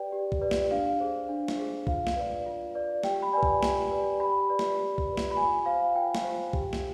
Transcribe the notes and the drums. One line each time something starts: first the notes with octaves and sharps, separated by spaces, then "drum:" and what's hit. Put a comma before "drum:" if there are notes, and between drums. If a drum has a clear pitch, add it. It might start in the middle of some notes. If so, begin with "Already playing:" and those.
Already playing: G4 B4 D5 G5
G4
drum: kick B1
B4 D5
drum: snare
D4 F5
G#4 C5
D4
drum: snare
G#4 C5
F4 F5, drum: kick B1
drum: snare
B4 D5
F4
B4 D5
G4 G5, drum: snare
B5
B4 D5 G#5
drum: kick B1
G4, drum: snare
B4 D5
G4 B5
B4 D5
drum: snare
G4
drum: kick B1
B4 D5
drum: snare
B5
F4 G#5
C5 F5
F4 G5
drum: snare
C5
G4, drum: kick B1
drum: snare